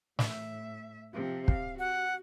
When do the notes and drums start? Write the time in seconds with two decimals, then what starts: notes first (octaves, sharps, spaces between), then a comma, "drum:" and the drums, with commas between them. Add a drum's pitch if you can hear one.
0.19 A2 E5, drum: snare
1.13 C3 F3
1.48 F5, drum: kick
1.79 F#4 F#5